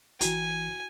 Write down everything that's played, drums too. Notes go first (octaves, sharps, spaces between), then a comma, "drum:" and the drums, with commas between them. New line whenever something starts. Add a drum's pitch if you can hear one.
G1 E3 E4 F#4 G5 G#5, drum: hi-hat